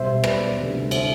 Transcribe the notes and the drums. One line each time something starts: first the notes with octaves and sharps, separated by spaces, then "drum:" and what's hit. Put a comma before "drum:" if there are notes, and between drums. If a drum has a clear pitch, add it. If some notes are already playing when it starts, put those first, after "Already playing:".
Already playing: B1 B2 G3 C5 E5
B4 D5, drum: rim click
D2 C3 G3
C5 E5, drum: cymbal